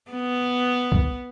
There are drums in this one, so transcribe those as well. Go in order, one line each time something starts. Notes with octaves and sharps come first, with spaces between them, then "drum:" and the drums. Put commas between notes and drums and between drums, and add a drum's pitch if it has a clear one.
B3
drum: kick C2